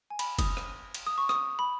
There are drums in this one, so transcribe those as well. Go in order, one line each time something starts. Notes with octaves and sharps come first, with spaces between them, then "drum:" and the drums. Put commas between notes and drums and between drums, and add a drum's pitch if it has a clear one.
G#5
B5, drum: cymbal
D#6, drum: kick, cymbal
drum: rim click
drum: cymbal
D#6
C#6
D#6, drum: rim click
B5